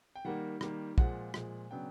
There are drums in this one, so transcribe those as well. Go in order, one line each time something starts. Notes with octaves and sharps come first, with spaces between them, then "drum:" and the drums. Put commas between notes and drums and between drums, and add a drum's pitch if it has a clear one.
G5
D#3 G3 A#3 F#5
D#3 G3 A#3, drum: rim click
A#2 F3 G#3 F#5, drum: kick
A#2 F3 G#3, drum: rim click
C#3 F#3 B3 D4 G5